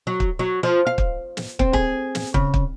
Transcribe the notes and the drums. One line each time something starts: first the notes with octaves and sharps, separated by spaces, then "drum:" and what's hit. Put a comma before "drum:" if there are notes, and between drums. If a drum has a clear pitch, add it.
F#3
drum: kick
F#3
F3
F5
drum: kick
drum: snare
C4, drum: kick
G#4, drum: kick
drum: snare
C#3, drum: kick
drum: kick